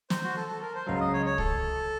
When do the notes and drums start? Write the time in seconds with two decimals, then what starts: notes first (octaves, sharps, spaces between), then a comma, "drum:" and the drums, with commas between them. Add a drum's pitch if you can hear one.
0.10 C5, drum: snare
0.24 F#4
0.36 A4
0.48 A4
0.61 A#4
0.75 C5
0.86 C#2 C#3 F#3 F5
1.00 D#5
1.13 C#5
1.26 C#5
1.38 A4, drum: kick